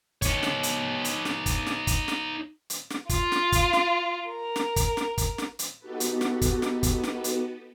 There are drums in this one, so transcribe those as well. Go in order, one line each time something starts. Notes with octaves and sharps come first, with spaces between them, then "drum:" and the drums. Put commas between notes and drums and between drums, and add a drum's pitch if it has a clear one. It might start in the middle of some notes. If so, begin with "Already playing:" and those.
D#4 C#5, drum: kick, hi-hat
drum: snare
drum: hi-hat
drum: hi-hat
drum: snare
drum: kick, hi-hat
drum: snare
drum: kick, hi-hat
drum: snare
drum: hi-hat
drum: snare
F4, drum: kick, hi-hat
drum: snare
drum: kick, hi-hat
drum: snare
A#4
drum: snare
drum: kick, hi-hat
drum: snare
drum: kick, hi-hat
drum: snare
drum: hi-hat
B3 D#4 F#4 G4 A4 B4
drum: hi-hat
drum: snare
drum: kick, hi-hat
drum: snare
drum: kick, hi-hat
drum: snare
drum: hi-hat